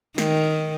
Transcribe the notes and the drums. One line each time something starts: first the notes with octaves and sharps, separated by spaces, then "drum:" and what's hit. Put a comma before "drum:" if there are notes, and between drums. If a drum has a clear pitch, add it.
D#3, drum: snare